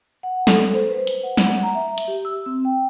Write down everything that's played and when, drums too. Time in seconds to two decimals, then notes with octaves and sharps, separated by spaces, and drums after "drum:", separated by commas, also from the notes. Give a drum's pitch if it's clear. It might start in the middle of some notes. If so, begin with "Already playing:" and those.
0.23 F#5
0.47 A4, drum: snare
0.74 C5
0.89 B4
1.07 drum: hi-hat
1.23 F#5
1.37 drum: snare
1.63 A#5
1.75 E5
1.98 drum: hi-hat
2.08 G4
2.25 E6
2.46 C4
2.65 G5